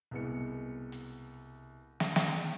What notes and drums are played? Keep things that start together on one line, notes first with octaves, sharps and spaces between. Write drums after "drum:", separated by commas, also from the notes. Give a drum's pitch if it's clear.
C2 B2 G#3 B3 C#7
drum: hi-hat
drum: snare
drum: snare